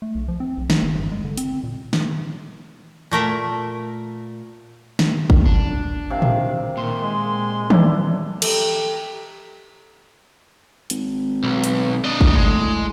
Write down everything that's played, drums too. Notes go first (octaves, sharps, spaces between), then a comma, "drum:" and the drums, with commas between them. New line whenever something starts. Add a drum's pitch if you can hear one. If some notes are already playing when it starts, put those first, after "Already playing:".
A3
B1
F3
C4
B1
F#3, drum: snare
G1
G2
G#3
D3
C4, drum: hi-hat
A#2
drum: snare
A#2 A3 A#4 E5
drum: snare
drum: kick
D4
C3 D#3 F5
drum: tom A2
A#2 D#3 C6
G#3
D4 E4, drum: tom
G4 A4 A#5, drum: cymbal
G#1, drum: hi-hat
B1
drum: hi-hat
D4 D#5
drum: kick
A2 G#3